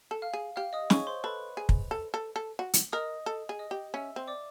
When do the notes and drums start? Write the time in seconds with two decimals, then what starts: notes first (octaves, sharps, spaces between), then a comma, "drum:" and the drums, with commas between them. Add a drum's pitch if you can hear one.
0.11 A4
0.22 F5 F6
0.33 G#4
0.56 G4 F5 F6
0.73 D#5 D#6
0.90 G#4 C#5 C#6, drum: snare
1.07 C5 C6
1.24 A4 B4 B5
1.57 G#4
1.69 drum: kick
1.91 A4
2.14 A4
2.36 A4
2.59 F#4
2.73 drum: hi-hat
2.92 A#4 D#5 D#6
3.26 A4
3.49 G#4
3.59 D#5 D#6
3.71 G4
3.94 C#4 E5 E6
4.16 C4
4.27 D5 D6